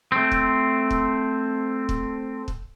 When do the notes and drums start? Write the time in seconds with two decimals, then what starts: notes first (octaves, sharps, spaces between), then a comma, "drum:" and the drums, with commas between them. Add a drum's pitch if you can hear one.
0.12 A3 C4
0.32 drum: kick
0.91 drum: kick
1.89 drum: kick
2.48 drum: kick